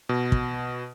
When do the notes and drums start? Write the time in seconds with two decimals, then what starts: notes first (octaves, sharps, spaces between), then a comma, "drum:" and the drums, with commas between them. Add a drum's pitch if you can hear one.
0.09 B2
0.32 drum: kick